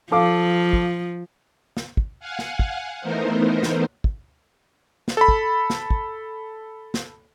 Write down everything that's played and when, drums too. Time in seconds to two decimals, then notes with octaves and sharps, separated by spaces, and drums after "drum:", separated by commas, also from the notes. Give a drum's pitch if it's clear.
0.12 F3 A4 F5 D6
0.73 drum: kick
1.77 drum: snare
1.97 drum: kick
2.20 F5 F#5 G#5
2.39 drum: snare
2.59 drum: kick
3.01 E3 A3 B3 D#4 A#4 C5
3.63 drum: snare
4.04 drum: kick
5.08 drum: snare
5.17 A4 B5
5.28 drum: kick
5.70 drum: snare
5.90 drum: kick
6.94 drum: snare